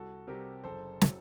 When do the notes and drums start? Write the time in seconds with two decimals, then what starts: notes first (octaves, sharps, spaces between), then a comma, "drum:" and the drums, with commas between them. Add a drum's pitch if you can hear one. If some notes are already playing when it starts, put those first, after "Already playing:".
Already playing: C2 F#4 A4
0.27 C3 G3 G4 A#4
0.64 F#1 A4 C5
1.01 F#3, drum: snare